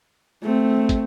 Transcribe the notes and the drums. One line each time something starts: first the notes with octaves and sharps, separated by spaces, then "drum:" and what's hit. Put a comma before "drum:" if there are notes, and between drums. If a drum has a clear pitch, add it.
A3 C4
drum: kick, hi-hat